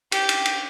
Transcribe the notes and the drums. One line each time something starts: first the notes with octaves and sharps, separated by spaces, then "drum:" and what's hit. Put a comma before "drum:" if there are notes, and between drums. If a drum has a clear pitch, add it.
G4, drum: cymbal
drum: cymbal
drum: cymbal